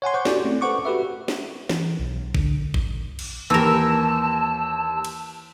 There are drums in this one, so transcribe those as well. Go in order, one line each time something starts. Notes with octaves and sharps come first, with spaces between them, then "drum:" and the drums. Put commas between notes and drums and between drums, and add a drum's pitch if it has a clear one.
C#5 F#5 G#5 C6
C5 F#5 C#6 D6 G6
E4 F#4 G4 A4 D5, drum: snare
A3 C4 C#4
A4 B4 C5 F#5 C#6 D6
F#4 G4 B4 E5
drum: snare
E3, drum: snare
B1
C#2 D3, drum: kick
drum: kick
drum: cymbal
D#2 E3 G4 A#4 A5 E6
drum: cymbal